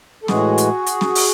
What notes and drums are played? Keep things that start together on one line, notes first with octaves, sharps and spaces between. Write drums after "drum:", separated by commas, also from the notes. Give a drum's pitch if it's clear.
A4
A2 E3 G#3 F#4 G#4, drum: snare
drum: hi-hat
drum: hi-hat
drum: snare
drum: open hi-hat